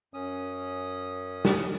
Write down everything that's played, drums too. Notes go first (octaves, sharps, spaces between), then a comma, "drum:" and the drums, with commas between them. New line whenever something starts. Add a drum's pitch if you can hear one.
F#2 C#4 D#6
drum: snare